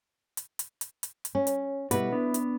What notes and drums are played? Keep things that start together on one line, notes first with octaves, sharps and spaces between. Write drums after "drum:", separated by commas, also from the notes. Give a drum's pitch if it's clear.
drum: hi-hat
drum: hi-hat
drum: hi-hat
drum: hi-hat
drum: hi-hat
C#4
drum: hi-hat
B2 G3 E4 F#4 B4, drum: hi-hat
B3 D4
drum: hi-hat